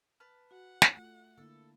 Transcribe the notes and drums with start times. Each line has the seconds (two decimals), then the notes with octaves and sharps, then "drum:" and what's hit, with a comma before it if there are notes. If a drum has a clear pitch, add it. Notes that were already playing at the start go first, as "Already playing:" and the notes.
0.20 B4 A5 F6
0.51 F#4 F#5
0.82 drum: snare
0.97 A3 F4
1.38 D3 A#3 E4 A4